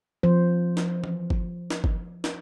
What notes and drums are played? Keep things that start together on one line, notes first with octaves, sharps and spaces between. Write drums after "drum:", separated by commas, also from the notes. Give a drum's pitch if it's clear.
F3 C5
drum: snare
drum: tom E3
drum: kick G1
drum: snare
drum: kick G1
drum: snare